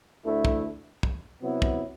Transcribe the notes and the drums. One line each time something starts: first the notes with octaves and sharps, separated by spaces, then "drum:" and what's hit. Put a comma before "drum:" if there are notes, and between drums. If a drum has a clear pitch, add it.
D2 D3 A3 E4
drum: kick
drum: kick
C3 F#3 B3 E4
drum: kick